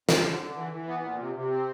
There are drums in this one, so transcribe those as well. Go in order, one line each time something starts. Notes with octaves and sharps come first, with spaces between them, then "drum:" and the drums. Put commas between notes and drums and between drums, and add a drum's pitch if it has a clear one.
F2, drum: snare
D3
D3
E3
E3
B3
A#2
C3
C3
C4